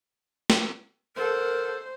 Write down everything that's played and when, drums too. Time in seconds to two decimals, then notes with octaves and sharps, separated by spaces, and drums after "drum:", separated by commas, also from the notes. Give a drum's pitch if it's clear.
0.50 drum: snare
1.16 A4 A#4 C5 F#5